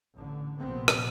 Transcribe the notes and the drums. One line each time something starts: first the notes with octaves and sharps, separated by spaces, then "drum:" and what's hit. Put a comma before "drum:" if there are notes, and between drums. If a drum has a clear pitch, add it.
A1 D3
A#1 C3 B3 C4
drum: rim click